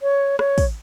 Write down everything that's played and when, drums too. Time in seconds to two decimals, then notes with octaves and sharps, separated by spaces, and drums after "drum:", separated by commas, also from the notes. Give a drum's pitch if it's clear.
0.01 C#5
0.39 C#5, drum: rim click
0.58 drum: kick, open hi-hat